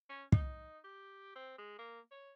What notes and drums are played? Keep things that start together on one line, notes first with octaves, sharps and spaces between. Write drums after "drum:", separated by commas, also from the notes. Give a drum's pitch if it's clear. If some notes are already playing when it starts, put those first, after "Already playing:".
C#4
D#4, drum: kick
G4
C4
G#3
A#3
C#5